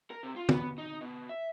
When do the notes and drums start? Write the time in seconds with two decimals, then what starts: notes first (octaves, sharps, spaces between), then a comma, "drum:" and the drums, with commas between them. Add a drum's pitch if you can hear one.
0.11 A#4
0.23 C3
0.36 F4
0.49 B3, drum: tom
0.78 D#4
1.01 B2
1.29 E5